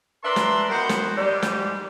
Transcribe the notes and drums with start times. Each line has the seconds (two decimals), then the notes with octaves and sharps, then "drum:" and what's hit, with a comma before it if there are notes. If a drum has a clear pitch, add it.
0.24 D4 A#4 B4 E5 A5 C6
0.36 drum: snare
0.69 D#3 B3 F#4 A#4 C5
0.89 drum: snare
1.16 G#2 G3 G4
1.42 drum: snare